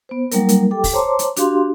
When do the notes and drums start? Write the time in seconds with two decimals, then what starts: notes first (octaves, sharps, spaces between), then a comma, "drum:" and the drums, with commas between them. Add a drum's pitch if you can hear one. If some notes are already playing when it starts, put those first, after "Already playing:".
0.09 B3 C5
0.31 F#3 G3 A#3 D#4 A#4, drum: hi-hat
0.49 drum: hi-hat
0.71 G4 A4 G5 D6
0.84 drum: kick, open hi-hat
0.93 C5 C#5 A5 A#5 C6 D6
1.19 drum: hi-hat
1.36 D4 F#4 G4 F5 C6, drum: hi-hat